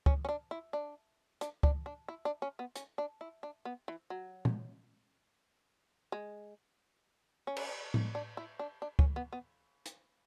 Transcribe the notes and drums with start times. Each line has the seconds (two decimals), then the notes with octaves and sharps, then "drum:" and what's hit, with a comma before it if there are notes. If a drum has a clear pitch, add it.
0.06 C#4, drum: kick C#2
0.25 C#4
0.29 D4
0.51 E4
0.73 D4
1.41 D4, drum: hi-hat
1.63 D4, drum: kick C#2
1.86 D4
2.08 E4
2.25 D4
2.42 C#4
2.59 B3
2.76 C#4, drum: hi-hat
2.98 D4
3.21 E4
3.43 D4
3.65 B3
3.88 E3
4.10 F#3
4.45 drum: tom
6.12 G#3
7.47 C#4
7.57 drum: cymbal
7.94 drum: tom A2
8.15 D4
8.37 E4
8.59 D4
8.82 D4
8.99 C#4, drum: kick C#2
9.16 B3
9.33 B3
9.86 drum: hi-hat